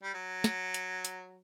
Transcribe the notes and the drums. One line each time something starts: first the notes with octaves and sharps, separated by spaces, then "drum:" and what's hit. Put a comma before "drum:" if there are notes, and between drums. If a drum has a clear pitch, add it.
G3
F#3
drum: snare
drum: hi-hat
drum: hi-hat